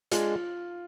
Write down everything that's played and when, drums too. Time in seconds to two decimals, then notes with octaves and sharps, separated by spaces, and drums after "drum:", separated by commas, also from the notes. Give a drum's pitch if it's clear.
0.12 G#3 D4 F4 G#4, drum: hi-hat